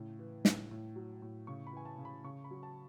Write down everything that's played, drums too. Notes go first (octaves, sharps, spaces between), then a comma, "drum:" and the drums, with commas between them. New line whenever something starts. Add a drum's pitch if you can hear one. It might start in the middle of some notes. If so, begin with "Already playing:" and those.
Already playing: A2 C#3
E3
A2, drum: snare
A2
F#3
A2
C#3 C#6
B5
E3 G#5
A5
C#3
B5
C#3 C#6
B5
F#3
A5